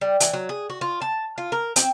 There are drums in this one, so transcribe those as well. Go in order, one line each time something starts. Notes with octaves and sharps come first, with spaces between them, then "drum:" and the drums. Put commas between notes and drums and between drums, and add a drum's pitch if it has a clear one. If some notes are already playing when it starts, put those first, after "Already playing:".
G3
E3, drum: hi-hat
F#3
G#4
F#4
F4
A5
F4
A#4
C4, drum: hi-hat